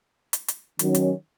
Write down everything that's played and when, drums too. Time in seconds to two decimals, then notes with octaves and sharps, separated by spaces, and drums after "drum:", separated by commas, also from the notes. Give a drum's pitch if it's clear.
0.33 drum: hi-hat
0.48 drum: hi-hat
0.79 D#3 F#3 C#4, drum: hi-hat
0.95 drum: hi-hat